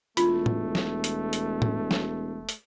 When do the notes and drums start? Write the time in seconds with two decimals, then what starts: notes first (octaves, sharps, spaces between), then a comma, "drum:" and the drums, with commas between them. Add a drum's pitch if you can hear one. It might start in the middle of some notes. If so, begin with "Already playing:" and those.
0.17 E1 A3 F4, drum: hi-hat
0.46 drum: tom A2
0.75 drum: snare
1.04 drum: hi-hat
1.33 drum: hi-hat
1.62 drum: tom A2
1.91 drum: snare
2.49 drum: hi-hat